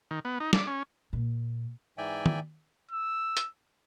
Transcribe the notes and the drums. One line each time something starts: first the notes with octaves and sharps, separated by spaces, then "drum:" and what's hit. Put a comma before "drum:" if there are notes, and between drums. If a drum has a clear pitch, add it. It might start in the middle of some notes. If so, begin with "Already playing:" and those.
D#3
B3
D#4
D6, drum: snare
C#4
A#2
G#2 E3 D5 E5 G5 G#5
drum: tom
E6
drum: hi-hat